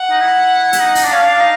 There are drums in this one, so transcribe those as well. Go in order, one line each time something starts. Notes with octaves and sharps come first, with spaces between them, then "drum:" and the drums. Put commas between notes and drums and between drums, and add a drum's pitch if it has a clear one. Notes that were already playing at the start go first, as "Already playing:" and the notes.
Already playing: F#5
D#4
E4
E4, drum: hi-hat
D#4
D#4, drum: open hi-hat
D4
C#4 F5
D4
D#4